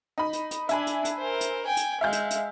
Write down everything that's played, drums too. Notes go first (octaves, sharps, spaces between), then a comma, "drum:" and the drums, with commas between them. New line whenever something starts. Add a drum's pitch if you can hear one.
D#4 B5
drum: hi-hat
drum: hi-hat
D4 E5 G#5 B5, drum: hi-hat
drum: hi-hat
drum: hi-hat
A#4 C5
drum: hi-hat
G5 G#5
drum: hi-hat
G#3 E5 F5 G6
drum: hi-hat
drum: hi-hat